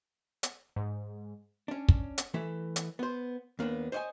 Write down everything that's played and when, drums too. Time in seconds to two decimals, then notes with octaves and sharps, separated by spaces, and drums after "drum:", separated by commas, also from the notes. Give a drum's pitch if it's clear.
0.43 drum: hi-hat
0.76 G#2
1.68 C#4 D4
1.89 drum: kick
2.18 drum: hi-hat
2.34 E3 A3 E5
2.76 drum: hi-hat
2.99 B3 C5
3.59 D#2 A#3 B3 D4
3.92 C5 C#5 D#5 F5 G#5